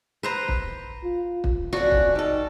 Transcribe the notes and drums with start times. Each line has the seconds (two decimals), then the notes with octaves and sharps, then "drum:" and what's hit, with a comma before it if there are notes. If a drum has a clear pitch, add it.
0.23 B4 C5 A#5
0.48 drum: kick
1.04 F4
1.44 drum: kick
1.73 F2 C#4 D4 F#4
1.92 drum: kick
2.15 G3 D#4 A4